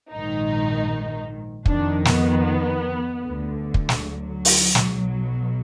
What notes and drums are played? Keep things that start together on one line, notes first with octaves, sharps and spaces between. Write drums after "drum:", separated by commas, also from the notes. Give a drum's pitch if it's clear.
A#1 G#2 D#3 D#4
F2 D#3 D4, drum: kick
B3, drum: snare
D2 D3
drum: kick
drum: snare
F#3
drum: open hi-hat
B1 B2, drum: snare